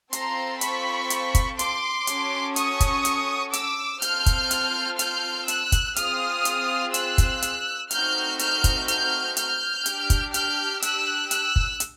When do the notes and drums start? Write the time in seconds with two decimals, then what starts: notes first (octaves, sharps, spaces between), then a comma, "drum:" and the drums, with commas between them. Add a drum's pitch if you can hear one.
0.13 C4 F4 A4 A#5 C6, drum: hi-hat
0.61 B5 C#6, drum: hi-hat
1.10 drum: hi-hat
1.35 drum: kick, hi-hat
1.59 C6 D6, drum: hi-hat
2.07 C#4 F#4 A4, drum: hi-hat
2.56 C#6 D#6, drum: hi-hat
2.80 drum: kick, hi-hat
3.05 drum: hi-hat
3.53 D6 E6, drum: hi-hat
4.02 C4 F4 A4 F6 G6, drum: hi-hat
4.26 drum: kick, hi-hat
4.51 drum: hi-hat
4.99 F6 G6, drum: hi-hat
5.48 E6 F#6, drum: hi-hat
5.72 drum: kick, hi-hat
5.96 C4 F4 G#4 D#6 F6, drum: hi-hat
6.45 drum: hi-hat
6.94 E6 F#6, drum: hi-hat
7.18 drum: kick, hi-hat
7.42 drum: hi-hat
7.91 A3 C4 D#4 F#4 F6 G6, drum: hi-hat
8.39 F6 G6, drum: hi-hat
8.64 drum: kick, hi-hat
8.88 F6 G6, drum: hi-hat
9.37 F6 G6, drum: hi-hat
9.86 D4 G4, drum: hi-hat
10.10 drum: kick, hi-hat
10.34 F6 G6, drum: hi-hat
10.82 E6 F#6, drum: hi-hat
11.31 E6 F#6, drum: hi-hat
11.56 drum: kick
11.80 drum: hi-hat